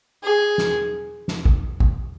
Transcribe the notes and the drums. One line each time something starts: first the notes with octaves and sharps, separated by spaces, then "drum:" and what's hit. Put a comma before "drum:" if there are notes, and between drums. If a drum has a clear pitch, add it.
G#4
drum: snare
drum: snare
drum: kick
drum: kick